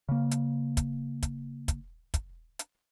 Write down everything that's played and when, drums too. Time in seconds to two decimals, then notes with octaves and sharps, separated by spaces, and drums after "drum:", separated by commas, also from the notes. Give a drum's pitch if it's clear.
0.09 C#3 A#3
0.31 drum: hi-hat
0.77 drum: kick, hi-hat
1.23 drum: kick, hi-hat
1.68 drum: kick, hi-hat
2.14 drum: kick, hi-hat
2.59 drum: hi-hat